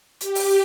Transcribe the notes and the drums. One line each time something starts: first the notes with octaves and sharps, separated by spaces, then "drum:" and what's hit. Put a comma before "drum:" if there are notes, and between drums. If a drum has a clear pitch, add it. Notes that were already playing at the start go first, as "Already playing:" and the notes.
G4, drum: hi-hat
drum: open hi-hat